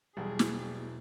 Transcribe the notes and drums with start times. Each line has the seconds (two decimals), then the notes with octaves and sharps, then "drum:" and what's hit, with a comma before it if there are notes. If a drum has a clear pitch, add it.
0.17 E1 B1 B2 G3 G#4
0.39 drum: snare